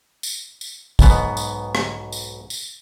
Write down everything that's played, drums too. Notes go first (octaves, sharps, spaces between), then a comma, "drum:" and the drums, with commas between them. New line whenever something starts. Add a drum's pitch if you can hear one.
drum: tambourine
drum: tambourine
B1 G#2 B2 B3, drum: kick, tambourine
drum: tambourine
drum: rim click
drum: tambourine
drum: tambourine